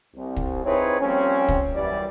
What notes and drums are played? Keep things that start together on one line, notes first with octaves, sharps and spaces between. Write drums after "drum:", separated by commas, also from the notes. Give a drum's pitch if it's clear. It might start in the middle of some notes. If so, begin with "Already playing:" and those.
C2
drum: kick
C4 D#4 E4 G#4 B4 C#5
F3 G3 A#3 C4 C#4
drum: kick
F#2 E3 G3 D5